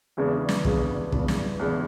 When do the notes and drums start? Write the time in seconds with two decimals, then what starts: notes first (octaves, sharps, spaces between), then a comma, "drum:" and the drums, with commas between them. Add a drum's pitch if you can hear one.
0.17 E2 C#3 G#3 B3 D4
0.49 drum: snare
0.65 E2 C#3 G#3 B3 D4, drum: kick
1.12 E2 C#3 G#3 B3 D4, drum: kick
1.28 drum: snare
1.60 E2 C#3 G#3 B3 D4